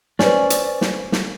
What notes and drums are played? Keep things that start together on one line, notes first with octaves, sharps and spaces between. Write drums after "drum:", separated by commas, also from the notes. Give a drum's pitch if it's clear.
C#4 B4 C5 D5, drum: snare
drum: hi-hat
drum: snare
drum: snare